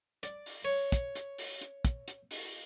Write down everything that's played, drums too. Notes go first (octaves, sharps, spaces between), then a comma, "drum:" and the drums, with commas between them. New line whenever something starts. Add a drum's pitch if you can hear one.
D5, drum: hi-hat
drum: open hi-hat
C#5
drum: kick, hi-hat
drum: hi-hat
drum: open hi-hat
drum: hi-hat
drum: kick, hi-hat
drum: hi-hat
drum: open hi-hat